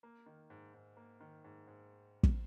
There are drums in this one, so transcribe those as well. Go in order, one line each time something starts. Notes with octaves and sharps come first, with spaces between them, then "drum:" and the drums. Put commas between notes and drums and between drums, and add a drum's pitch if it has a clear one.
A#3
D#3
G#2
G#2
A#3
D#3
G#2
G#2
drum: kick